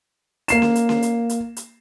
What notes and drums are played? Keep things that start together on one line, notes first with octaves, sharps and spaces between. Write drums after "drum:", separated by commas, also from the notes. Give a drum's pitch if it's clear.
A#3 C7 E7, drum: hi-hat
drum: snare C#4
drum: hi-hat
drum: snare C#4
drum: hi-hat
drum: hi-hat
drum: hi-hat